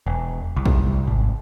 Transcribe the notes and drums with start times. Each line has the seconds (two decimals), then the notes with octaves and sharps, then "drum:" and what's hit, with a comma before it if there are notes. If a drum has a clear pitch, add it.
0.06 E1
0.57 C2
0.66 drum: kick
1.07 G#1